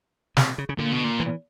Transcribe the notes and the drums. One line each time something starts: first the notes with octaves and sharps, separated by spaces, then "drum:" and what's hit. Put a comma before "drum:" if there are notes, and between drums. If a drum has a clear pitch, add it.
C3, drum: snare
C#3
C#3
A#2 D3
B2
A#2
E3